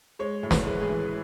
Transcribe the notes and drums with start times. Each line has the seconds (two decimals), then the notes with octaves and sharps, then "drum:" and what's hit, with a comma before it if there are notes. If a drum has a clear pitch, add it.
0.19 G#3 C#5
0.43 A2
0.51 B4, drum: snare
0.67 G#3
0.82 G#4
0.89 E3